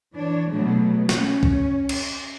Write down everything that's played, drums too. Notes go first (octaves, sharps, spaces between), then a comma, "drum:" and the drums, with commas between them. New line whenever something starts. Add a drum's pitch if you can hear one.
E3 D4 C#5
B2 F#3 G#3 A3
C#4, drum: snare
drum: kick
drum: cymbal